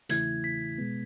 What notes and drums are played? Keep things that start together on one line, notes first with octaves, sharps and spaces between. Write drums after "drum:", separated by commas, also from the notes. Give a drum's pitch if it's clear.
E2 C#3 E3 A3 E4 G#6, drum: hi-hat
B6
B2 G#3 B3